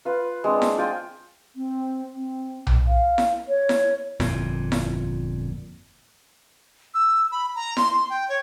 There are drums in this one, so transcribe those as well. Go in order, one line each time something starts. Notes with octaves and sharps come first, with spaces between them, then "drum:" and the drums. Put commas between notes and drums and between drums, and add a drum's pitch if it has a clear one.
F4 B4
G#3 C4 D4
drum: snare E4
F4 G5 G#5
C4
C4
drum: tom B1
F5
drum: snare E4
C#5
drum: snare E4
G1 F2 A#2, drum: snare E4
drum: snare E4
E6
B5
A#5
C6, drum: snare E4
C6
G5
C#5